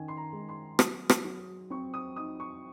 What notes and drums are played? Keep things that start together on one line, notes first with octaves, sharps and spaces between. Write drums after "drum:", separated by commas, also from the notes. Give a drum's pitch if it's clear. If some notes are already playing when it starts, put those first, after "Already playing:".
Already playing: D#3 C#4 G#5
C6
A#5
G#3
C6
F#3 D#6, drum: rim click
drum: rim click
F#3
C4 C#6
D#6
D#4 D#6
C#6